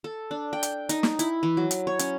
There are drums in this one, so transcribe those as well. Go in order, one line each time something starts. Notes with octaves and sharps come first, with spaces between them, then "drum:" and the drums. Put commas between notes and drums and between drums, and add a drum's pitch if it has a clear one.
A4
D4
G5
drum: hi-hat
D#4, drum: hi-hat
drum: snare
E4, drum: hi-hat
E3
F#3
drum: hi-hat
C#5
C#4, drum: hi-hat